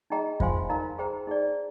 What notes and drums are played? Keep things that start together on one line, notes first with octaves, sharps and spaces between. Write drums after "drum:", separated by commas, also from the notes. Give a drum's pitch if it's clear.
D#4 G#4 D#5 G5 A#5
F4 C5 F5 G#5 C6, drum: kick F2
D#4 A#4 F5 A#5
G#4 C5 G5 A#5
D#4 G#4 D5